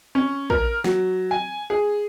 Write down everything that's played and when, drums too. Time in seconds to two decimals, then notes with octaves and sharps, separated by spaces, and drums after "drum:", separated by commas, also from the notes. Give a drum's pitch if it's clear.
0.15 C#4
0.50 A#4, drum: kick
0.84 F#3, drum: snare
1.31 G#5
1.70 G#4